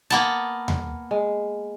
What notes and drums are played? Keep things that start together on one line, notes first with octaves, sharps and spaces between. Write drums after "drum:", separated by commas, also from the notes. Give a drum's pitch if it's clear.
A#3 B3 A5
drum: tom D#2
G#3